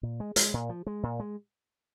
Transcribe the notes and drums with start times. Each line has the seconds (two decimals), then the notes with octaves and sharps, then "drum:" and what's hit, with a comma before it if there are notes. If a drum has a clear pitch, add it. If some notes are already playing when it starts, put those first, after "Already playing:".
0.03 A#2
0.20 G#3
0.36 G#3, drum: hi-hat
0.54 A#2
0.69 F3
0.87 G#3
1.03 A#2
1.20 G#3